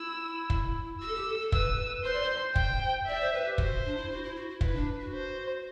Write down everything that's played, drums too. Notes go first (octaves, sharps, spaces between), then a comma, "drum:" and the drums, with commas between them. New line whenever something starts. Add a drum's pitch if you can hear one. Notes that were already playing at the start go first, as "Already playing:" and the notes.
Already playing: E4 E6
drum: kick
F#4 E6
A4
G4
A4
A4
B4 E6, drum: kick
C5 C6
D5
C5
G5, drum: kick
D5 E5
C5
B4
G4
F#4 C5, drum: kick
D4
E4
F#4
E4
F#4
E4
E4 B4, drum: kick
D4
F#4
C5